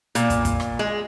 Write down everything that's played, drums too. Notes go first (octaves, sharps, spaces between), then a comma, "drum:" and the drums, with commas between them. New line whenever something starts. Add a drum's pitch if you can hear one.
A#2, drum: hi-hat
drum: kick, hi-hat
drum: kick, hi-hat
drum: rim click
G#3